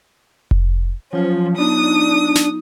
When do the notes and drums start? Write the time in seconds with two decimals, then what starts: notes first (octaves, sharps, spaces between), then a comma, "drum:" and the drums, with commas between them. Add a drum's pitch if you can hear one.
0.51 drum: kick F1
1.13 F3 F#3 C#4 F4 C#5
1.58 B3 D4 D#4 D#6
2.35 drum: snare